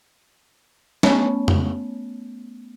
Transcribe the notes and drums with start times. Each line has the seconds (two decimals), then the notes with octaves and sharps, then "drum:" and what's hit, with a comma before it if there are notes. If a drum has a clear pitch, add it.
1.03 A3 B3 C#4, drum: snare
1.48 drum: tom F2